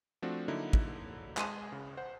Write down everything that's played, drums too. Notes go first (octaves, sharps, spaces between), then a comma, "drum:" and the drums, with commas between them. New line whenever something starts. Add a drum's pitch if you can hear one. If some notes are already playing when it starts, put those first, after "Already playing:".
F3 A3 C4 D4 F#4
D3 F#3 A#3 D#4 E4
drum: kick
G#3 G#4 G#5 A5 C6 D#7, drum: clap
C#3
C5 F#5